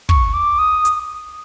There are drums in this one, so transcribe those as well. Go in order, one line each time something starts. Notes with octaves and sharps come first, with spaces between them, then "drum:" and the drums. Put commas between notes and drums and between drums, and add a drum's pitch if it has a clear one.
C#6, drum: kick
D6
D#6
drum: hi-hat